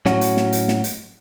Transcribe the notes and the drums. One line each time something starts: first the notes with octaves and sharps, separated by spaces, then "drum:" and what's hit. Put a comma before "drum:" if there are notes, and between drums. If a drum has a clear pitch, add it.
A2 F#3 C#4 F#4, drum: snare
drum: hi-hat
drum: snare
drum: hi-hat
drum: snare
drum: hi-hat